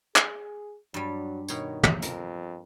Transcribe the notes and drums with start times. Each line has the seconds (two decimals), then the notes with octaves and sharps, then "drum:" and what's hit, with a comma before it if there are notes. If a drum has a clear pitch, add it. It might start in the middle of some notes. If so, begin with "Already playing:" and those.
0.16 G#4, drum: clap
0.94 G2 F#3 G3
1.48 B2 D#3 C#5, drum: tambourine
1.83 drum: tom
2.02 F2 A#4, drum: hi-hat